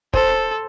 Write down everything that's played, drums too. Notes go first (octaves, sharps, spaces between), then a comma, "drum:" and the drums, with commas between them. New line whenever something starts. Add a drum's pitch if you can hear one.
A4 C5, drum: kick